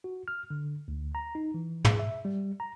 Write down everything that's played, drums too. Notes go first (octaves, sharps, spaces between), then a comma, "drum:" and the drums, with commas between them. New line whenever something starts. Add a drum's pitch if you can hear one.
F#4
F6
D3
D2
A#5
D#4
E3
G#4, drum: tom
E5
G3
A#5